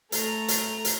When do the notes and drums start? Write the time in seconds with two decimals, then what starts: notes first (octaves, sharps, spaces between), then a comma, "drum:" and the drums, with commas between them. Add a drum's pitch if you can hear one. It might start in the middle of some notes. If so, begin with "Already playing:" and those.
0.12 A3 A#5, drum: hi-hat
0.48 drum: hi-hat
0.85 drum: hi-hat